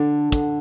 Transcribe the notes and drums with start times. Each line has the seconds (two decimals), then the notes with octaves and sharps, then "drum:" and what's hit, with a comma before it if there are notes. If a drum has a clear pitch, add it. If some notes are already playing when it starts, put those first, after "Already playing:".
Already playing: D3 D4
0.32 D3, drum: kick, hi-hat